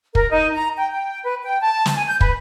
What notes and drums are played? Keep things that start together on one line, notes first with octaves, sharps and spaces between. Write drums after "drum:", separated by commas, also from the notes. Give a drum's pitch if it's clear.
A#4, drum: kick
D#4
A#5
G5
G5
B4
G5
A5
drum: snare
G#5
G6
B4, drum: kick